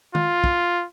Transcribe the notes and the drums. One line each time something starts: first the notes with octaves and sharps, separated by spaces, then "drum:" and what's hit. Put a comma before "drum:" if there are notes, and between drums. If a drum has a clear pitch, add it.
F4, drum: tom
drum: kick